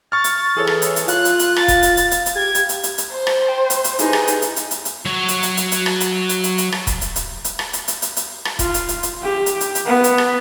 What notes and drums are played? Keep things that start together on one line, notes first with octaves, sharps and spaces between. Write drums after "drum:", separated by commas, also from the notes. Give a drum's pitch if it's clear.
C#6 F6 A6
drum: hi-hat
E3 G#4 A4 C#5
drum: rim click
drum: hi-hat
drum: hi-hat
F4 F5 F#6, drum: hi-hat
drum: hi-hat
drum: hi-hat
A6, drum: rim click
drum: kick E1, hi-hat
drum: hi-hat
drum: hi-hat
drum: hi-hat
drum: hi-hat
G4 G#6
drum: hi-hat
drum: hi-hat
drum: hi-hat
drum: hi-hat
C5
drum: rim click
G5
drum: hi-hat
drum: hi-hat
D#4 E4 G4 G#4 B4, drum: hi-hat
drum: rim click
drum: hi-hat
drum: hi-hat
drum: hi-hat
drum: hi-hat
drum: hi-hat
F#3 C#5
drum: hi-hat
drum: hi-hat
drum: hi-hat
drum: hi-hat
drum: rim click
drum: hi-hat
drum: hi-hat
drum: hi-hat
drum: hi-hat
drum: rim click
drum: kick E1, hi-hat
drum: hi-hat
drum: hi-hat
drum: hi-hat
drum: rim click
drum: hi-hat
drum: hi-hat
drum: hi-hat
drum: hi-hat
drum: rim click
F4, drum: kick E1, hi-hat
drum: hi-hat
drum: hi-hat
drum: hi-hat
G4
drum: hi-hat
drum: hi-hat
drum: hi-hat
B3
drum: hi-hat
drum: rim click